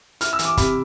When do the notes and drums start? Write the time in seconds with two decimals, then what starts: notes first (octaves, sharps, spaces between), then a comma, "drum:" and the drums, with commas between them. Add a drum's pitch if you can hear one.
0.21 E4 F6, drum: hi-hat
0.33 E6
0.39 E3, drum: hi-hat
0.45 D6
0.57 C3 B5, drum: kick, hi-hat